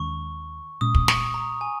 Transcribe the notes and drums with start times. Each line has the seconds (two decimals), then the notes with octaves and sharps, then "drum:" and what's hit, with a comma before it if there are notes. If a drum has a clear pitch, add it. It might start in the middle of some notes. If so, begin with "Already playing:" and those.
Already playing: D#2 D#3 G#3 C#4 C#6
0.81 A#2 G#3 C#4 D#6
0.95 drum: kick
1.08 C#6, drum: snare
1.34 A#5
1.61 G#5